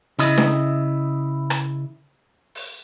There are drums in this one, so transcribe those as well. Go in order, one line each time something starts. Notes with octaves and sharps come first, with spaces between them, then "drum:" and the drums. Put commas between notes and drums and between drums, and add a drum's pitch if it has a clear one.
C#3 E4 D#5, drum: hi-hat
drum: snare D4
drum: rim click
drum: open hi-hat